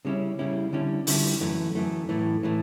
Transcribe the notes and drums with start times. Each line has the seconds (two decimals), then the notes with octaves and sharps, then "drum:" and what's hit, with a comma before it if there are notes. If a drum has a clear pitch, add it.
0.05 C#3 G3 C#4 E4
0.39 C#3 G3 C#4 E4
0.73 D3 G3 C#4 E4
1.07 D3 G3 C#4 E4, drum: open hi-hat
1.41 F#2 E3 A3
1.75 F#2 E3 A3
2.09 A2 E3 A3
2.43 A2 E3 A3